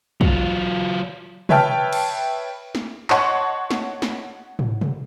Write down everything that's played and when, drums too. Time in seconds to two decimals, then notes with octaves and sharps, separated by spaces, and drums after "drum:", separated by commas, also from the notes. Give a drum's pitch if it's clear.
0.21 F#3 F4, drum: kick
1.49 B4 C#5 E5 G5 A5 F6, drum: tom
1.93 drum: cymbal
2.75 drum: snare
3.10 C#5 D#5 F#5 A5 C6 C#6, drum: clap
3.71 drum: snare
4.02 drum: snare
4.59 drum: tom
4.81 drum: tom